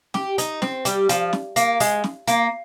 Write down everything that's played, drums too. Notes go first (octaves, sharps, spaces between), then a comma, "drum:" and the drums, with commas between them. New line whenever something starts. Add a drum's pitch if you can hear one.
G4, drum: snare
D#4, drum: hi-hat
C4, drum: snare
G3, drum: hi-hat
F3, drum: hi-hat
drum: snare
A#3, drum: hi-hat
G#3, drum: open hi-hat
drum: snare
A#3, drum: hi-hat